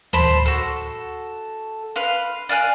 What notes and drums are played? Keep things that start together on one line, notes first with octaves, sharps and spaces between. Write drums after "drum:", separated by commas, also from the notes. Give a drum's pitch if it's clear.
C5 A5 B5 C6, drum: tom D2
drum: hi-hat
F#4 A4
B4 F5 C6, drum: hi-hat
D5 F5 G#5 F#6